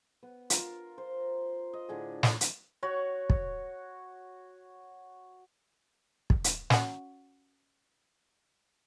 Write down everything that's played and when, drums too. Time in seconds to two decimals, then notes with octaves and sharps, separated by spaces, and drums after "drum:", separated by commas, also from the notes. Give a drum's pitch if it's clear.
0.23 B3
0.50 F4 A#4, drum: hi-hat
0.98 C5
1.73 D#5
1.89 A2 D3 D4 G#4
2.23 drum: snare
2.41 drum: hi-hat
2.83 F#4 C#5
3.30 drum: kick
6.30 drum: kick
6.44 drum: hi-hat
6.70 C#4 F#4, drum: snare